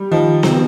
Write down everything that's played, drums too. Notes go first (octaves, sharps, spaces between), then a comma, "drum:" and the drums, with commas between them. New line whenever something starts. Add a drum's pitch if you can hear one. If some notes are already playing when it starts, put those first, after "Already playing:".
Already playing: G3
D#3 F3
C4, drum: snare B3